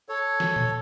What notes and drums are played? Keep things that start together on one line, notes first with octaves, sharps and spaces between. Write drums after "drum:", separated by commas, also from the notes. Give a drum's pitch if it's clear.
A4 C#5
drum: snare
drum: tom A#2